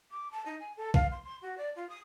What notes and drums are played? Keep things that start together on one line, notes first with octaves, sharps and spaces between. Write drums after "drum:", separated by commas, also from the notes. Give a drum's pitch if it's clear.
D6
A5
D#4
G#5
A4
F5, drum: kick B1
C6
C6
F#4
D5
F4
D#6